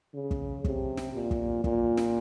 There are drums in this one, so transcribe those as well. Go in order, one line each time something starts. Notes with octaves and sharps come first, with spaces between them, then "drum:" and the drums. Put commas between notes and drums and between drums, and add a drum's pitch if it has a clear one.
C#3
drum: kick
C3, drum: kick
drum: snare
A#2
drum: kick
A#2, drum: kick
drum: snare